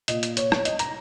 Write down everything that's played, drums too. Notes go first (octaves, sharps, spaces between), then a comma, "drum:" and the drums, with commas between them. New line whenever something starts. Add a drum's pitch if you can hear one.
A#2 D#5, drum: hi-hat
drum: hi-hat
C#5, drum: hi-hat
C#5, drum: rim click
D#5, drum: hi-hat
A#5, drum: hi-hat